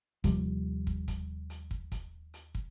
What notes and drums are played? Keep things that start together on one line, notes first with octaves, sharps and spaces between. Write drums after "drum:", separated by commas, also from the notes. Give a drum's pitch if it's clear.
D#2 C3 F3 G3, drum: kick, hi-hat
drum: kick
drum: kick, hi-hat
drum: hi-hat
drum: kick
drum: kick, hi-hat
drum: hi-hat
drum: kick